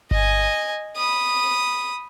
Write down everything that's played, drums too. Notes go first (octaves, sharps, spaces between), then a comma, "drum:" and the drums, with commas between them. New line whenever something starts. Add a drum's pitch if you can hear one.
D#5 G#5, drum: kick G1
B5 D#6